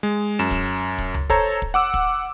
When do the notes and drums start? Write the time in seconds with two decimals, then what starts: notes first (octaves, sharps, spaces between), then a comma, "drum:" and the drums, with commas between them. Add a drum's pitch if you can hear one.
0.03 G#3
0.39 F#2 E7
0.51 drum: kick
0.98 drum: kick
1.14 drum: tom C#2
1.30 A4 C5 C#5 A#5, drum: kick
1.62 drum: kick
1.74 F#5 D6 E6
1.94 drum: kick